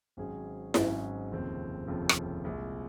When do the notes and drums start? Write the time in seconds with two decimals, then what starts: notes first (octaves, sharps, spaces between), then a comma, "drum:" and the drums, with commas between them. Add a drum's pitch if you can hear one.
0.17 G#1 G#2 F#3 C#4 G#4
0.74 G#1 G#2 F#3 C#4 G#4, drum: snare E4
1.31 F1 D#2 C#3 F3 C4
1.87 F1 D#2 C#3 F3 C4
2.09 drum: rim click
2.44 C2 A#2 G#3